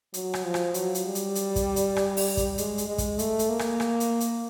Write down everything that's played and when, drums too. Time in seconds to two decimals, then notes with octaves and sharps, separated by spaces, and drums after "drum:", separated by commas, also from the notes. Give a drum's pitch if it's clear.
0.14 F#3, drum: hi-hat
0.34 drum: rim click
0.44 F3
0.54 drum: rim click
0.74 F#3, drum: hi-hat
0.95 drum: hi-hat
1.05 G3
1.15 drum: hi-hat
1.35 drum: hi-hat
1.56 drum: kick, hi-hat
1.76 drum: hi-hat
1.96 drum: rim click
2.17 drum: open hi-hat
2.37 drum: kick, hi-hat
2.58 G#3, drum: hi-hat
2.78 drum: hi-hat
2.88 G#3
2.98 drum: kick, hi-hat
3.19 A3, drum: hi-hat
3.39 drum: hi-hat
3.49 A#3
3.59 drum: rim click
3.80 drum: rim click
4.00 drum: hi-hat
4.20 drum: hi-hat